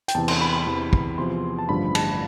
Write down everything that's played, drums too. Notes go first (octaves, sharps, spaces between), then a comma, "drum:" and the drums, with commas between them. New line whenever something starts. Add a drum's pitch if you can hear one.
G5, drum: hi-hat
E2 C3 E3 A5
C6, drum: cymbal
B5
B5
E2 C3 E3
drum: kick
E2 C3 F3 C6
A5
A1 G2 D3 F3 B5
A5, drum: cymbal